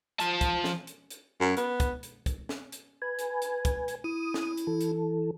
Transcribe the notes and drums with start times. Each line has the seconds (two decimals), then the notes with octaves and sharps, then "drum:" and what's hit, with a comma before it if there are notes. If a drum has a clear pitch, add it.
0.20 F3 A5, drum: hi-hat
0.41 drum: kick, hi-hat
0.64 drum: snare
0.87 drum: hi-hat
1.11 drum: hi-hat
1.40 F#2
1.57 B3, drum: hi-hat
1.80 drum: kick, hi-hat
2.03 drum: hi-hat
2.26 drum: kick, hi-hat
2.49 drum: snare
2.72 drum: hi-hat
3.02 B4 G#5
3.19 drum: hi-hat
3.42 drum: hi-hat
3.65 drum: kick, hi-hat
3.88 drum: hi-hat
4.04 E4 D#6
4.34 drum: snare
4.57 drum: hi-hat
4.67 E3 A4
4.81 drum: hi-hat